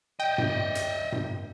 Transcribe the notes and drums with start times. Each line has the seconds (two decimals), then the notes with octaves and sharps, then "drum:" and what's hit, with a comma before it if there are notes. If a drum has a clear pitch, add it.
0.20 D#5 E5 G5
0.38 drum: tom G2
0.75 drum: hi-hat
1.12 drum: tom G2